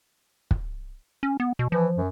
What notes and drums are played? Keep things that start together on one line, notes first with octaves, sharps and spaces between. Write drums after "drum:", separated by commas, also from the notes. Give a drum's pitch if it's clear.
drum: kick
C#4
B3
B2
E3 F3
F#2